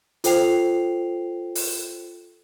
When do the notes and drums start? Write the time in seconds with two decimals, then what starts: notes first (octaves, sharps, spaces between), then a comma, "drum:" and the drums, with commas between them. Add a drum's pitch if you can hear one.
0.24 F4 A4 C5 G5 C7 F7, drum: hi-hat
1.55 drum: open hi-hat